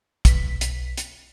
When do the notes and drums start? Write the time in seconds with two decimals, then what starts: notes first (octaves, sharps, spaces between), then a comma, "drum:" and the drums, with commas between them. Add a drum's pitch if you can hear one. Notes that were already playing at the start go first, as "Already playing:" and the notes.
0.25 B1 B6, drum: kick, hi-hat
0.61 drum: hi-hat
0.97 drum: hi-hat